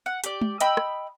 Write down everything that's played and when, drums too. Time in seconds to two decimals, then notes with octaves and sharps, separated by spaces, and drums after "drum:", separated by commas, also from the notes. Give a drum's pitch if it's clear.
0.06 F#5
0.24 G4 D5, drum: hi-hat
0.41 drum: tom G#3
0.60 D#5 G5 B5 E6, drum: hi-hat
0.77 drum: rim click